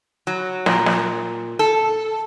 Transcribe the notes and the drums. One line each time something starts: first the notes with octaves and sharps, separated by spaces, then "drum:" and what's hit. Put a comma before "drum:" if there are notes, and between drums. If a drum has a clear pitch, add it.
F#3
A#2, drum: snare
drum: snare
A4